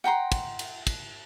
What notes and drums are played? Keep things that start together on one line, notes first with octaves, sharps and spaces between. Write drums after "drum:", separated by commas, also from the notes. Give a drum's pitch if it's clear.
F#5 G5 A#5 C6
drum: kick, cymbal
drum: cymbal
drum: kick, cymbal